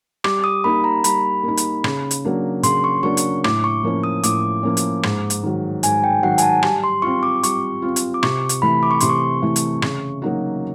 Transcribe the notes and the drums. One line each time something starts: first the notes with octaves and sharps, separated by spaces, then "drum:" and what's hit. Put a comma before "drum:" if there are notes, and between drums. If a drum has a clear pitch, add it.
G3 D6, drum: rim click
D#6
A#3 D#4 B5
A#5
G3 B5, drum: hi-hat
A#3 D#4
drum: hi-hat
C#3, drum: rim click
drum: hi-hat
F#3 A#3 D4
C#3 C6, drum: hi-hat
C#6
F#3 A#3 D4 C#6
drum: hi-hat
A2 D6, drum: rim click
C#6
F3 A#3 C#4
D#6
A2 D6, drum: hi-hat
F3 A#3 C#4
drum: hi-hat
G#2, drum: rim click
drum: hi-hat
D#3 F#3
G#2 G#5, drum: hi-hat
G5
D#3 F#3 F#5
G#5, drum: hi-hat
A5
G3, drum: rim click
C6
C4 F4 C#6
D6
G3 C#6, drum: hi-hat
C4 F4
drum: hi-hat
D6
C3 C#6, drum: rim click
drum: hi-hat
E3 A3 B5
D6
C#6
C3 C6, drum: hi-hat
C#6
E3 A3
drum: hi-hat
C#3, drum: rim click
F#3 A#3 D#4 F#4